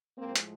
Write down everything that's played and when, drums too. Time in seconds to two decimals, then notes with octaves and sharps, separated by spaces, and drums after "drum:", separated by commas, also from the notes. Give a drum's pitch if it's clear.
0.18 A2 F3 G#3 A#3 C4
0.36 drum: hi-hat